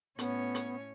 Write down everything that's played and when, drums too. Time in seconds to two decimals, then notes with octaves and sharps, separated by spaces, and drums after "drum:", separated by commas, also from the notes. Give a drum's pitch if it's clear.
0.19 A2 B3 C#4 C#5, drum: hi-hat
0.55 drum: hi-hat